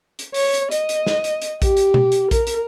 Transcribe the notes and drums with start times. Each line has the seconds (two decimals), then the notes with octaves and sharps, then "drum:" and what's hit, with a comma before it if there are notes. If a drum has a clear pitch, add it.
0.19 drum: hi-hat
0.34 C#5, drum: open hi-hat
0.54 drum: hi-hat
0.71 D#5, drum: hi-hat
0.89 drum: hi-hat
1.07 drum: snare
1.24 drum: hi-hat
1.42 drum: hi-hat
1.62 G4, drum: kick A#1, hi-hat
1.77 drum: hi-hat
1.94 drum: tom B2
2.12 drum: hi-hat
2.31 A#4, drum: kick A#1, hi-hat
2.47 drum: hi-hat